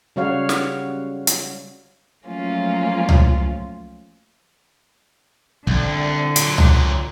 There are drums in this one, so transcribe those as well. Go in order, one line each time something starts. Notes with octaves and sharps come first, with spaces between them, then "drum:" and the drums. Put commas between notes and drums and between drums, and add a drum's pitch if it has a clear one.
C#3 G3 F#4 C#5 F5
drum: snare
drum: hi-hat
F3 F#3 A3 A#3 C#4 F4
drum: tom C#2
C2 D3, drum: kick
A#2 F#3, drum: hi-hat
drum: tom C#2